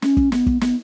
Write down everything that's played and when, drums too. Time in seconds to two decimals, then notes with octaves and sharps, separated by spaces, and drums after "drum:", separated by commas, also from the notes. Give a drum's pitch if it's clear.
0.02 C#4, drum: snare
0.17 drum: kick
0.32 B3, drum: snare
0.46 drum: kick
0.61 B3, drum: snare